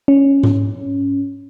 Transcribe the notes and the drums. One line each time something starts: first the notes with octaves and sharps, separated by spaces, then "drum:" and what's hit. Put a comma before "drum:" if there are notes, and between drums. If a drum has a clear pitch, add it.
C#4
drum: tom G#2